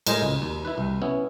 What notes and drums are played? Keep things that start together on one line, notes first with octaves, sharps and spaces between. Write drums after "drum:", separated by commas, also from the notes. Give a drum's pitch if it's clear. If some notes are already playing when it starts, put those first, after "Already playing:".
A2 G#3 A#4 C5 D#5 G#5, drum: cymbal
C#2
D#2
E4 B4
C2
B3 C#4 E4